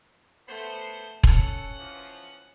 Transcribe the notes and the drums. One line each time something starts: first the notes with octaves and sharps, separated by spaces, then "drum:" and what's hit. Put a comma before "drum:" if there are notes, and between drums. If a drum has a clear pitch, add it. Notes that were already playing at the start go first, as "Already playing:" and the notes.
A3 B3 C5
C#4 A4 F#5, drum: kick E1
E3 F3